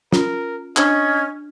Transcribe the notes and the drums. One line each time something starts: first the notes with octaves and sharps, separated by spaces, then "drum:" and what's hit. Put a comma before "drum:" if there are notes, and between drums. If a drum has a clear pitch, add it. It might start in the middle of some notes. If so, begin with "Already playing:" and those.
C#4 F4 A#4, drum: snare
C#4 D4 D#5 G#6, drum: clap